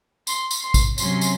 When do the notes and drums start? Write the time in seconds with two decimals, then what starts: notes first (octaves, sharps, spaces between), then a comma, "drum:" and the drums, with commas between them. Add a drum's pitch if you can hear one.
0.27 C6, drum: tambourine
0.51 drum: tambourine
0.62 C6
0.74 drum: kick, tambourine
0.98 C3 F#3 C#4 C6, drum: tambourine
1.21 drum: tambourine